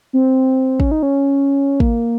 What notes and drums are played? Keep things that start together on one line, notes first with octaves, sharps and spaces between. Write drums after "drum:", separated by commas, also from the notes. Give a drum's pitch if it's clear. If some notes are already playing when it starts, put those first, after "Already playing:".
C4
C#4, drum: kick
D#4
C#4
A#3, drum: kick